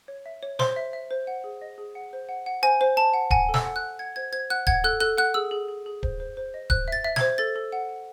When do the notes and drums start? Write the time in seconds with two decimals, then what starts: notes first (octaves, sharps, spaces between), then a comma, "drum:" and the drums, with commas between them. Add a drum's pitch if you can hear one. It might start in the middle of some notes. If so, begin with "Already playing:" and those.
0.08 C#5
0.26 E5
0.43 C#5
0.59 C5 C6, drum: snare
0.76 E5
0.93 E5
1.11 C5
1.27 F#5
1.44 G#4
1.61 D#5
1.78 G#4
1.95 F#5
2.13 C5
2.29 F#5
2.46 F#5
2.63 C5 G#5
2.81 C5
2.97 C5 A5
3.14 F#5
3.31 F#5 G#5, drum: kick D1
3.49 A4
3.54 E6, drum: snare
3.65 F#5
3.76 F#6
3.82 F#5
3.99 F#5 G#6
4.16 C5 G#6
4.32 C5 G#6
4.50 F#5 F#6
4.67 F#5 G#6, drum: kick D1
4.84 A4 F#6
5.00 A4 F#6
5.18 F#5 F#6
5.34 G#4 E6
5.51 G#4
5.69 G#4
5.86 G#4
6.03 C5, drum: kick D1
6.20 C5
6.37 C5
6.54 D#5
6.70 C5 F#6, drum: kick D1
6.88 E5 A6
7.04 E5
7.16 G#6, drum: snare
7.21 C5
7.38 A4 A6
7.56 A4
7.72 F#5
7.89 F#5